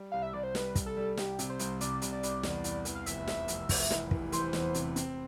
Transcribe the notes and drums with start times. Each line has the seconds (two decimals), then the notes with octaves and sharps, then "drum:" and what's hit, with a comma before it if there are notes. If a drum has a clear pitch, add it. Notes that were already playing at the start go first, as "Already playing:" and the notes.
Already playing: G3
0.12 C2 F5
0.23 E5
0.33 C2 D5
0.43 C5
0.55 G3 B4, drum: snare
0.75 C2, drum: kick, hi-hat
0.86 A4
0.97 G3
1.17 C2 G4, drum: snare
1.39 C3, drum: hi-hat
1.50 C5
1.59 C2, drum: hi-hat
1.81 C2 D5, drum: hi-hat
2.02 C2, drum: hi-hat
2.12 D5
2.23 C2, drum: hi-hat
2.43 E2, drum: snare
2.64 E2, drum: hi-hat
2.85 E3, drum: hi-hat
2.95 F5
3.06 F1 E5, drum: hi-hat
3.28 F1, drum: snare
3.48 F1, drum: hi-hat
3.69 F1, drum: kick, open hi-hat
3.91 E3, drum: snare
4.11 E3, drum: kick
4.32 E3 C5, drum: hi-hat
4.53 E2, drum: snare
4.74 C3, drum: hi-hat
4.96 C4, drum: hi-hat